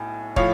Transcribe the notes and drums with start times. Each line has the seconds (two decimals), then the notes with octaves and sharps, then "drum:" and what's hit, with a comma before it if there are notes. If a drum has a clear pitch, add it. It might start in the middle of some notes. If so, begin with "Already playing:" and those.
Already playing: B1 A2 G#5
0.36 A2 F3 C#5 F5, drum: kick